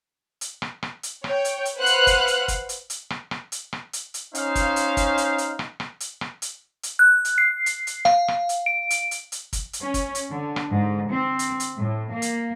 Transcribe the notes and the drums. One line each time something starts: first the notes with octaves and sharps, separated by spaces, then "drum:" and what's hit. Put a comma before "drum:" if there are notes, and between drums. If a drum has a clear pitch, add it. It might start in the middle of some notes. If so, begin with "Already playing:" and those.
drum: hi-hat
drum: rim click
drum: rim click
drum: hi-hat
C#5 G5, drum: rim click
drum: hi-hat
drum: hi-hat
B4 C5 F5 F#5 F#6
drum: hi-hat
drum: kick, hi-hat
drum: hi-hat
drum: kick, hi-hat
drum: hi-hat
drum: hi-hat
drum: rim click
drum: rim click
drum: hi-hat
drum: rim click
drum: hi-hat
drum: hi-hat
C#4 D#4 C5 F5, drum: hi-hat
drum: kick, hi-hat
drum: hi-hat
drum: kick, hi-hat
drum: hi-hat
drum: hi-hat
drum: rim click
drum: rim click
drum: hi-hat
drum: rim click
drum: hi-hat
drum: hi-hat
F#6
drum: hi-hat
C7
drum: hi-hat
drum: hi-hat
F5, drum: rim click
drum: rim click
drum: hi-hat
D7
drum: hi-hat
drum: hi-hat
drum: hi-hat
drum: kick, hi-hat
drum: hi-hat
C#4
drum: kick, hi-hat
drum: hi-hat
D3
drum: rim click
G#2
C4
drum: hi-hat
drum: hi-hat
A2
A#3
drum: hi-hat